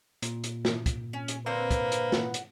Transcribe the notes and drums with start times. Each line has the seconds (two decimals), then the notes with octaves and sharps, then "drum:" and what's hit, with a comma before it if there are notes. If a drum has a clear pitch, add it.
0.22 A#2, drum: hi-hat
0.44 drum: hi-hat
0.65 drum: snare
0.86 drum: kick, hi-hat
1.13 C#4
1.28 drum: hi-hat
1.46 D3 A#3 C4 B4 C5
1.71 drum: kick, hi-hat
1.92 drum: hi-hat
2.12 F#5, drum: snare
2.34 drum: hi-hat